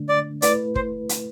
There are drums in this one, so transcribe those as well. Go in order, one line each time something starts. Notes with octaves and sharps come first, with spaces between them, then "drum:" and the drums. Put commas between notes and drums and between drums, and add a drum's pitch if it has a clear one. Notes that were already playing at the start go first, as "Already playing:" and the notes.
Already playing: D3 A3 D4
D5
A3 E4 B4 D5, drum: hi-hat
C5, drum: kick
drum: hi-hat